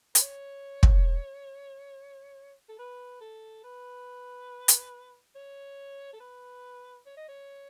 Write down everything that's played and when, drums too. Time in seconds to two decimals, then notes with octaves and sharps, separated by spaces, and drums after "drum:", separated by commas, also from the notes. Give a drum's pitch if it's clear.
0.15 B4, drum: hi-hat
0.21 C#5
0.83 drum: kick
2.69 A4
2.79 B4
3.21 A4
3.64 B4
4.68 drum: hi-hat
5.35 C#5
6.13 A4
6.20 B4
7.06 C#5
7.17 D#5
7.28 C#5